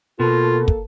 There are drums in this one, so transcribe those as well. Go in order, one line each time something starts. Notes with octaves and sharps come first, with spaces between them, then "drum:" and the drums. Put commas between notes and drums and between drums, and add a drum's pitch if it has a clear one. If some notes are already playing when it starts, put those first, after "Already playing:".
B2 A#3 F4 A4
drum: kick